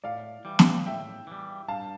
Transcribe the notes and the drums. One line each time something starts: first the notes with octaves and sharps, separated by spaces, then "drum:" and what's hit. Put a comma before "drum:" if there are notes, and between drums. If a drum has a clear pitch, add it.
A2 D5 F5
E3 G3
drum: snare
A2 E5 G5
E3 G3
G2 F5 A5